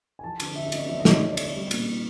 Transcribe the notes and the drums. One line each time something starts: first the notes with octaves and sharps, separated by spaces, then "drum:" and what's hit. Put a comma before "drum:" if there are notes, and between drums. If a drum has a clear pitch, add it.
G#5
F3 A5
D3, drum: cymbal
D3 E5
D#5
A3, drum: cymbal
D5
F3 E5
D#5
D3, drum: snare
C#5
D3 D5
D5
A3, drum: cymbal
D5
G3
A#2, drum: cymbal
A#2